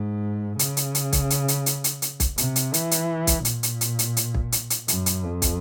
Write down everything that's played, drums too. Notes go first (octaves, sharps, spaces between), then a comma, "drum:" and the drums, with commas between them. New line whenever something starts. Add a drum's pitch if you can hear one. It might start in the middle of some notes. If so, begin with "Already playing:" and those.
Already playing: G#2
C#3, drum: hi-hat
drum: hi-hat
drum: hi-hat
drum: kick, hi-hat
drum: hi-hat
drum: hi-hat
drum: hi-hat
drum: hi-hat
drum: hi-hat
drum: kick, hi-hat
C3, drum: hi-hat
drum: hi-hat
E3, drum: hi-hat
drum: hi-hat
drum: kick, hi-hat
A#2, drum: hi-hat
drum: hi-hat
drum: hi-hat
drum: hi-hat
drum: hi-hat
drum: kick
drum: hi-hat
drum: hi-hat
F#2, drum: hi-hat
drum: hi-hat
F2
drum: kick, hi-hat